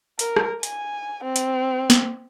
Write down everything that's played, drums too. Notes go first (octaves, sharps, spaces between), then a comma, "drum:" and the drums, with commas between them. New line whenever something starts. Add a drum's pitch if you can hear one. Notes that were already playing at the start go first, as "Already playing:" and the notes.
A#4, drum: hi-hat
drum: rim click
G#5, drum: hi-hat
C4
drum: hi-hat
drum: snare